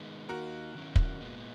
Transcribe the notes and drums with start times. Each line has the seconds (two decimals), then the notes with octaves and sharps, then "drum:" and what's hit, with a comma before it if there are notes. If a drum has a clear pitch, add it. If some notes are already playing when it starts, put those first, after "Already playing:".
Already playing: D#3 G#3 B3
0.29 D#3 A#3 D#4 F#4 A#4
0.75 D#3 F#3 C#4 E4
0.96 drum: kick
1.21 A#2 G#3 B3